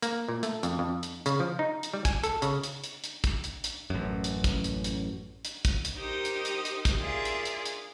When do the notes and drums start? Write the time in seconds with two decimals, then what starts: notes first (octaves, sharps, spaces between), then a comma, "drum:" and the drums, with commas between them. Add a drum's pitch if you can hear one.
0.02 A#3, drum: hi-hat
0.29 A#2
0.43 A3, drum: hi-hat
0.63 F2, drum: hi-hat
0.79 F2
1.03 drum: hi-hat
1.26 C#3, drum: hi-hat
1.40 F3
1.59 D#4
1.83 drum: hi-hat
1.94 G3
2.05 G#5, drum: kick, hi-hat
2.24 A4, drum: hi-hat
2.42 C#3, drum: hi-hat
2.64 drum: hi-hat
2.84 drum: hi-hat
3.04 drum: hi-hat
3.24 drum: kick, hi-hat
3.44 drum: hi-hat
3.64 drum: hi-hat
3.90 A1 F#2
4.24 drum: hi-hat
4.44 drum: kick, hi-hat
4.64 drum: hi-hat
4.84 drum: hi-hat
5.45 drum: hi-hat
5.65 drum: kick, hi-hat
5.85 drum: hi-hat
5.98 D#4 G4 A#4 C5 D#5
6.25 drum: hi-hat
6.45 drum: hi-hat
6.65 drum: hi-hat
6.85 drum: kick, hi-hat
7.01 F4 G#4 A#4 D5 E5 C6
7.25 drum: hi-hat
7.45 drum: hi-hat
7.65 drum: hi-hat